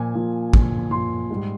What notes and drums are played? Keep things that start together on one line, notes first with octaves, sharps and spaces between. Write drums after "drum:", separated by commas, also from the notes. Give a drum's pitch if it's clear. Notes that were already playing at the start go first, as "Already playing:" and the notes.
Already playing: A#2 F3 G#5
A#2 F3
A#2 F3, drum: kick
A#2 F3 C6
G#2 G3